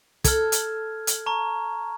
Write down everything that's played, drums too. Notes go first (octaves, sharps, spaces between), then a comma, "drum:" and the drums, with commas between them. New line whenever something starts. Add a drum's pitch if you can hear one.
A4 F6 G#6, drum: kick, hi-hat
drum: hi-hat
drum: hi-hat
A5 A#5 C#6